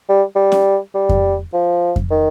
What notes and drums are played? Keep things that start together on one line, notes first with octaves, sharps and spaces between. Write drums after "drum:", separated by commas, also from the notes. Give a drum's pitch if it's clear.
G3
G3
drum: snare C#4
G3
drum: kick F2
F3
drum: kick F2
D#3